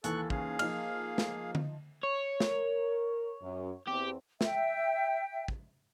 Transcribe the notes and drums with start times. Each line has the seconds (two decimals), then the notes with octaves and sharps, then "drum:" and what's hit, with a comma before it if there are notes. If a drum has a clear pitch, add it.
0.04 D#2 E3 A4 C#6 F#6, drum: hi-hat
0.30 C#4 G#4 F5, drum: kick
0.59 F3 A#3 D#4 F6, drum: cymbal
1.18 drum: snare
1.55 drum: tom D3
2.03 C#5
2.40 A#4, drum: snare
3.42 F#2
3.87 E2 C4 G4
4.41 E5 G5, drum: snare
5.48 drum: kick